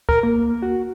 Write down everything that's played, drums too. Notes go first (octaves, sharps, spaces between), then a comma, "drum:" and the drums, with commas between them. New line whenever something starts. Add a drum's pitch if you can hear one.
A#4, drum: kick D2
A#3
F#4